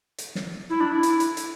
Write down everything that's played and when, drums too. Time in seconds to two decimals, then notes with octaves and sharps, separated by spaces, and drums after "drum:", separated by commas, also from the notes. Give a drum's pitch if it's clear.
0.18 drum: hi-hat
0.35 drum: snare
0.70 E4
0.80 D4
0.92 E4
1.03 drum: hi-hat
1.20 drum: hi-hat
1.37 drum: hi-hat